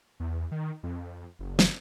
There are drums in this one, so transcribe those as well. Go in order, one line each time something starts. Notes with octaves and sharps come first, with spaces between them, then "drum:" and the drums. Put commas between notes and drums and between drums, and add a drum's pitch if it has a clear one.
E2
D#3
F2
F#1
drum: snare